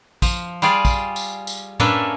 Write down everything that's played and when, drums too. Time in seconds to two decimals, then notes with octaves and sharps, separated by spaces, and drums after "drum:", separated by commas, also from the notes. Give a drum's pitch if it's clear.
0.22 F3, drum: kick, tambourine
0.62 G3 F4 G#4 D5
0.85 drum: kick, tambourine
1.16 drum: tambourine
1.47 drum: tambourine
1.80 A#3 C#4 D4 A4 B4 E5, drum: tom